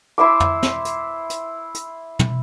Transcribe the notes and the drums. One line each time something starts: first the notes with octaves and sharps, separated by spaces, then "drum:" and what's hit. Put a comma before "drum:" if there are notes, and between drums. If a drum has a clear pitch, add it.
E4 C5 E5 D6
drum: tom F2
drum: snare
drum: hi-hat
drum: hi-hat
drum: hi-hat
drum: tom